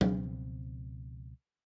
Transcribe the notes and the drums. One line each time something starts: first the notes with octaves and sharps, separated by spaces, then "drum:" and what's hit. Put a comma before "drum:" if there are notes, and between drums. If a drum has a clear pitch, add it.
C#2 B2 F3 C4, drum: tom F#3